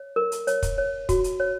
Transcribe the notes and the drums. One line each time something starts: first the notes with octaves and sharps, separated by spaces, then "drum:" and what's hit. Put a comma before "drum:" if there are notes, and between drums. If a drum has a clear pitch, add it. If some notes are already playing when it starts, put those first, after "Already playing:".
Already playing: C#5
A#4
drum: hi-hat
C#5, drum: hi-hat
drum: kick, hi-hat
C#5
F#4, drum: kick, hi-hat
drum: hi-hat
C#5